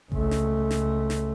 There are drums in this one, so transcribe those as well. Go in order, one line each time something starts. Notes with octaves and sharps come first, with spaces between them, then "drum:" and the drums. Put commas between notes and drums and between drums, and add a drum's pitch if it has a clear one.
C#2 A3, drum: kick A1
drum: snare
drum: snare
drum: snare